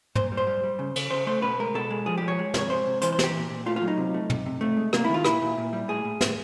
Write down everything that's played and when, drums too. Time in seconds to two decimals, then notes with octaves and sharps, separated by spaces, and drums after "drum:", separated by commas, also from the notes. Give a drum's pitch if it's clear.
0.15 A#2 C5, drum: tom
0.32 G3
0.37 C5
0.47 G3
0.64 G3
0.79 C#3
0.96 C#3, drum: cymbal
1.11 C#3 C5
1.27 A3 C5
1.42 B2 B4
1.59 G#3 A#4
1.74 B2 A4
1.91 G#3
2.06 F3 G#4
2.18 G4
2.23 G#3
2.28 C#5
2.39 G#3
2.54 C3 C#5, drum: snare
2.70 G#3 C5
2.86 C3
3.02 E3 C5, drum: hi-hat
3.13 C5
3.19 C3 G4, drum: snare
3.34 A#2
3.50 A#2
3.66 A3 F4
3.76 F4
3.82 F#3
3.88 D#4
3.98 C3
4.14 A3
4.30 C3, drum: tom
4.46 C3
4.61 C3 A3
4.77 G#3
4.93 C3 A#3, drum: rim click
5.05 E4
5.09 D#3 F4
5.25 A#2 E4, drum: rim click
5.41 A#2
5.57 A#2
5.73 G3
5.88 A2 G#4
6.05 A2
6.21 A2, drum: snare